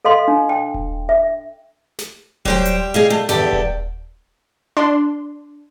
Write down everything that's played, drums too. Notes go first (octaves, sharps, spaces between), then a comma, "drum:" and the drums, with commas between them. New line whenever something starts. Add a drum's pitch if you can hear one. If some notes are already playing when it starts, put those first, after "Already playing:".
A4 D#5 F5 C6
D4
G5
drum: kick D#1
E5
drum: snare
F#3 G3 G4 C5 G5, drum: kick D#1
drum: hi-hat
G#4 D#5 F5
A3
E2 G2 G4 A4, drum: snare
drum: kick D#1
D4 C6